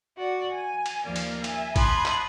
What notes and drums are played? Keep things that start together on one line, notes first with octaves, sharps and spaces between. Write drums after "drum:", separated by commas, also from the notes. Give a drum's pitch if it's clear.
F#4 D5
G#5
drum: cymbal
D#2 F3 A#3 D5 F6
drum: cymbal
E5 G#5, drum: cymbal
A5 B5 C6 D#6 F#6 G#6, drum: kick, cymbal
drum: clap